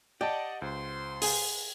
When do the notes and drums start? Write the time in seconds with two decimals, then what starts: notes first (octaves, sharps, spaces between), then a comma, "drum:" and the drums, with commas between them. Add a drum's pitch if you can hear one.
0.21 G4 D5 D#5 F#5 A5
0.62 C#2 C5 C6
1.22 G#4, drum: open hi-hat